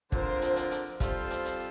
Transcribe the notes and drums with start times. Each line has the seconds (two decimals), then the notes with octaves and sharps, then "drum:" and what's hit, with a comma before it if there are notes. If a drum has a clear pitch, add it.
0.12 D3 F3 C4 F4 A#4 C5, drum: kick
0.42 drum: hi-hat
0.56 drum: hi-hat
0.71 drum: hi-hat
1.00 G3 C4 F4 A4 C5, drum: kick, hi-hat
1.30 drum: hi-hat
1.45 drum: hi-hat